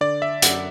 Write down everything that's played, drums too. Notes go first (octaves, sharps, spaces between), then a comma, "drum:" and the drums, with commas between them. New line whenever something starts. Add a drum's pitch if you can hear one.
D3 D5
E5
F#2 F#5, drum: hi-hat